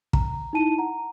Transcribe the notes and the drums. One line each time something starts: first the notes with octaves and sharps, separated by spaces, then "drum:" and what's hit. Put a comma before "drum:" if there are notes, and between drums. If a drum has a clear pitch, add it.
A#5, drum: kick
D#4 E4 A5 D#7
F#5 A#5